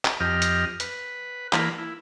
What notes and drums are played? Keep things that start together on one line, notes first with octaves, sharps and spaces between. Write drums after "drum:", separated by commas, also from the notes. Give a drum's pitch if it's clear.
drum: clap
F2 G4 D#5 F6
drum: hi-hat
B4, drum: hi-hat
E3 A#3 B5, drum: clap
E4